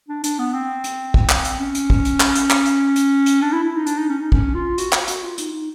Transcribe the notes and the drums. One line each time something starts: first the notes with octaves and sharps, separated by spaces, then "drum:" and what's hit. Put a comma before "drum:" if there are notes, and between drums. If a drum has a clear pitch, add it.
D4
D4, drum: hi-hat
B3
C4
drum: hi-hat
drum: kick
drum: clap
drum: hi-hat
C#4
drum: hi-hat
drum: kick
drum: hi-hat
drum: clap
drum: hi-hat
drum: clap
drum: hi-hat
drum: hi-hat
drum: hi-hat
D4
E4
E4
D#4
D4, drum: hi-hat
D#4
C#4
D#4
C#4, drum: kick
F4
F#4, drum: hi-hat
F#4, drum: clap
F#4, drum: hi-hat
F4
D#4, drum: hi-hat
D#4